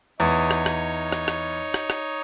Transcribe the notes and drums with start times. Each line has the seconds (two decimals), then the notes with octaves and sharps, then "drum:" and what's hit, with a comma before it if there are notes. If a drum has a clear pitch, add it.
0.20 E2 D#4 C#5
0.51 drum: rim click
0.66 drum: rim click
1.12 drum: rim click
1.28 drum: rim click
1.74 drum: rim click
1.90 drum: rim click